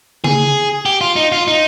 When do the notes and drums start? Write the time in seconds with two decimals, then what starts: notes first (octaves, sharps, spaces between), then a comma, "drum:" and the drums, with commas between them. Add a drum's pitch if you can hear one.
0.24 G#4, drum: tom C#3
0.86 G4
1.01 F4
1.16 D#4
1.32 F4
1.48 D#4